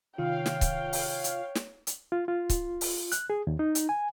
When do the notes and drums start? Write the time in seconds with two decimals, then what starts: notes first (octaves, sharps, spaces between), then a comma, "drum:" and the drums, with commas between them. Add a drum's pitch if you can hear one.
0.18 C3 D#3 F4 C#5 F5 G5
0.46 drum: snare
0.61 drum: kick C#1, hi-hat
0.93 drum: open hi-hat
1.24 drum: hi-hat
1.55 drum: snare
1.87 drum: hi-hat
2.12 F4
2.28 F4
2.50 drum: kick C#1, hi-hat
2.81 drum: open hi-hat
3.12 F#6, drum: hi-hat
3.30 G#4
3.47 D#2
3.59 D#4
3.75 drum: hi-hat
3.89 G#5